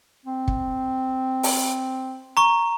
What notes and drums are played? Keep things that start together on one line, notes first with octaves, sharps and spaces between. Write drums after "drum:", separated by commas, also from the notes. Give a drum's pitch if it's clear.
C4
drum: kick
drum: open hi-hat
A#5 C#6